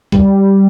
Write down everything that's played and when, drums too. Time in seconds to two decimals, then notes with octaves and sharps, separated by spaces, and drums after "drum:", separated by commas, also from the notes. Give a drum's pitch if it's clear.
0.12 G3, drum: kick